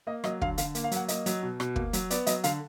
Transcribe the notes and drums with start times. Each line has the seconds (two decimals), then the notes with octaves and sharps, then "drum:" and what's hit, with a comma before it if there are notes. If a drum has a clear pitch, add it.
0.07 A#3 D#5
0.24 F#3 D#5, drum: rim click
0.41 D3 F5, drum: kick
0.58 D3 F5, drum: hi-hat
0.75 A#3, drum: hi-hat
0.84 F5
0.91 F#3 F#5, drum: hi-hat
1.08 A#3 D#5, drum: hi-hat
1.26 F#3, drum: hi-hat
1.43 B2
1.60 B2, drum: rim click
1.76 A#3, drum: kick
1.93 F#3, drum: hi-hat
2.10 B3 D5, drum: hi-hat
2.27 F#3 D#5, drum: hi-hat
2.44 D3 F5, drum: hi-hat